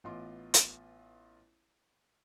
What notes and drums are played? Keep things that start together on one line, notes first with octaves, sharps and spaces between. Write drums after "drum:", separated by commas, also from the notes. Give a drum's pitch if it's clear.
A1 B3 F4 D#5 C6 D6
drum: hi-hat